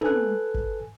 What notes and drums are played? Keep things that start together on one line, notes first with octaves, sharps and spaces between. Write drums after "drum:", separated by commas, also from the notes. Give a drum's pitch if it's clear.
A4 B4 G#5 F#6, drum: tom
drum: kick G#1